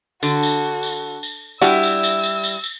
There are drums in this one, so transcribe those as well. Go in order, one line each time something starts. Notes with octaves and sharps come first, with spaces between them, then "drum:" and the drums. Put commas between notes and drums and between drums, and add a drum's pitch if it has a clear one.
D3 F#4, drum: tambourine
drum: tambourine
drum: tambourine
drum: tambourine
G3 D4 E4 F#4 G4 E6, drum: tambourine
drum: tambourine
drum: tambourine
drum: tambourine
drum: tambourine
drum: tambourine